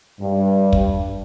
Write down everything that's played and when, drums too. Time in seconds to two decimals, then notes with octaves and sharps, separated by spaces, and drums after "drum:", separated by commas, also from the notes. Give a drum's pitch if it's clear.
0.19 G2
0.73 drum: kick